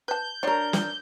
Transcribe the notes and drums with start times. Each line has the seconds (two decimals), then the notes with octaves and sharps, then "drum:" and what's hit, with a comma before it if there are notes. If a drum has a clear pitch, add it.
0.08 B4 A5 G6
0.43 F#3 D4 A#4 C#5
0.73 drum: snare